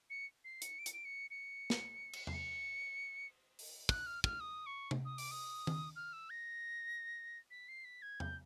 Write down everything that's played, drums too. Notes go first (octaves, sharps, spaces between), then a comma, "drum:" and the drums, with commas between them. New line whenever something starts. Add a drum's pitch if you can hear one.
C#7
C7
C#7, drum: hi-hat
D7
C#7, drum: hi-hat
D7
C#7
C#7
drum: snare
drum: cymbal
C7, drum: tom E2
C#7
drum: open hi-hat
F#6, drum: kick
F6
F6, drum: kick
D#6
C#6
drum: tom C3
D#6
D6, drum: open hi-hat
D#6
drum: tom D#3
F6
E6
A#6
B6
C7
B6
G#6
G6, drum: tom E2